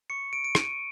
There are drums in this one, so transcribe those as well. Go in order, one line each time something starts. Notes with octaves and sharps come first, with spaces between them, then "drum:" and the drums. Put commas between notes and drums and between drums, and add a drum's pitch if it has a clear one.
C#6 C#7
D7
D7
C#6 D#7, drum: rim click